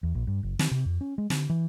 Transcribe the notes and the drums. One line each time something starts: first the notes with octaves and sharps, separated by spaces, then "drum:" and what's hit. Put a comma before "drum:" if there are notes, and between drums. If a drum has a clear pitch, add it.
E2
A#1
G2
F#1
D#3, drum: snare
C3
F2
C#4
G#3
D3, drum: snare
E3